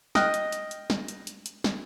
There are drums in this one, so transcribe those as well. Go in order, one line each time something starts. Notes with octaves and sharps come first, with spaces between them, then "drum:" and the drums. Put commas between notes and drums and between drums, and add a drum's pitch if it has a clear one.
D#5 G5 D#6 F6 F#6, drum: snare
drum: hi-hat
drum: hi-hat
drum: hi-hat
drum: snare
drum: hi-hat
drum: hi-hat
drum: hi-hat
drum: snare